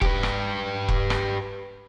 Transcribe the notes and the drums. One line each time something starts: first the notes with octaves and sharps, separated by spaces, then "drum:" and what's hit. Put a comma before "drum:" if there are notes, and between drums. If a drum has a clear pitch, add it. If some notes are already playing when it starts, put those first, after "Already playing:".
G4 B4, drum: kick E1
drum: rim click
drum: kick E1
drum: rim click